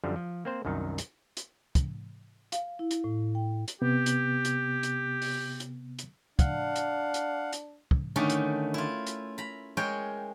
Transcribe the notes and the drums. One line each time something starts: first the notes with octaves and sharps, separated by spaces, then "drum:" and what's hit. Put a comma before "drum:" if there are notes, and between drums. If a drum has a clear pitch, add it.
F#2 D3 F3 G3
F3
A#3 C4 C5
C2 F#2 D#3 D#4
drum: hi-hat
drum: hi-hat
drum: kick, hi-hat
F5, drum: hi-hat
E4
drum: hi-hat
A2
G5
drum: hi-hat
C3 B3 G4
drum: hi-hat
drum: hi-hat
drum: hi-hat
drum: open hi-hat
drum: hi-hat
drum: hi-hat
D4 F5 F#5, drum: kick, hi-hat
drum: hi-hat
drum: hi-hat
drum: hi-hat
drum: kick
D3 D#3 A3 C#4
drum: hi-hat
E4 F4
drum: hi-hat
A#5 B5
G#3 A#4 C#5 G5